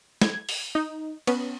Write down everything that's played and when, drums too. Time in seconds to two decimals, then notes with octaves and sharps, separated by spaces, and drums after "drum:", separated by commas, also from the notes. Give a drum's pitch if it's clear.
0.22 G#6, drum: snare
0.49 drum: open hi-hat
0.75 D#4
1.27 B3 C#4, drum: cymbal